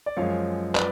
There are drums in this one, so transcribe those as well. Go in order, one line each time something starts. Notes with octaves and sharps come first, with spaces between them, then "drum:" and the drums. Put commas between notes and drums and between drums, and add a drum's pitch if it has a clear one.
D5
F#2 F3 G#3 C#5 F5
B4 D5, drum: clap